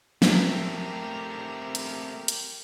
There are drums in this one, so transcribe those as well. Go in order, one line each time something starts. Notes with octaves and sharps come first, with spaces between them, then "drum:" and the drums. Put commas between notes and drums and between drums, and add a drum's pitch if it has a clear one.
A3 C4 G4 A#4, drum: snare
drum: hi-hat
drum: hi-hat